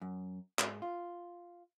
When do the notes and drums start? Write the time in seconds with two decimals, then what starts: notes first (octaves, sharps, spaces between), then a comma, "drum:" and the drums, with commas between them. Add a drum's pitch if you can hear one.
0.01 F#2
0.59 G#2, drum: clap
0.82 F4